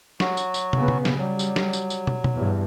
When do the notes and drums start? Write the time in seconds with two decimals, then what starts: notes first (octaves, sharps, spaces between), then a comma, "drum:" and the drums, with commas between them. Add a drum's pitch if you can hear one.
0.20 F#3 F#4, drum: snare
0.37 drum: tambourine
0.54 drum: tambourine
0.73 C#3 B3, drum: tom
0.88 drum: tom B2
1.05 drum: snare
1.18 F#3 G3
1.39 drum: tambourine
1.56 drum: snare
1.73 drum: tambourine
1.90 drum: tambourine
2.07 drum: tom
2.24 drum: tom B2
2.33 E2 G2